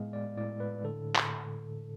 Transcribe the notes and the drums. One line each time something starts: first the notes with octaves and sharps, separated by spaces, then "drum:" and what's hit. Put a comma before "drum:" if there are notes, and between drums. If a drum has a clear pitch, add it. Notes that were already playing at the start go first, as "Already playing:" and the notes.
Already playing: A2 G#3 B3 F5
D5
A2 D5
B4
D3 A4
drum: clap